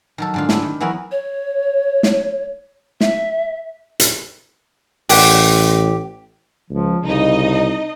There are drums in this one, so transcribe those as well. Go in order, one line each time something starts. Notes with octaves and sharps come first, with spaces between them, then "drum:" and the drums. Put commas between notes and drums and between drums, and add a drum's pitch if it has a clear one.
D#3 F#3 A4
G#2 D3 F4
D4 E4 G4, drum: snare
D#3
E3 F#3 B3 E4 F#4 A#4
C#5
drum: snare
E5, drum: snare
drum: hi-hat
A1 G4 F#5, drum: open hi-hat
C#2 F3
C2 C#3 D#4 D#5